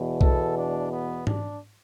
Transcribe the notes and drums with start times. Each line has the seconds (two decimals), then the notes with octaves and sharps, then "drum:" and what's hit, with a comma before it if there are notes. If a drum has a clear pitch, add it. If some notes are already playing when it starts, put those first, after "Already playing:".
Already playing: E2 B2
0.21 A4, drum: kick
0.57 D4
0.92 B3
1.27 D4, drum: tom G#2